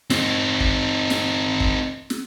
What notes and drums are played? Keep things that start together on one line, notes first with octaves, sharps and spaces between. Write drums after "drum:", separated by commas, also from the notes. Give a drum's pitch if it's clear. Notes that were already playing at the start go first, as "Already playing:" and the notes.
C4 D#4, drum: snare
drum: kick
drum: snare
drum: kick
drum: snare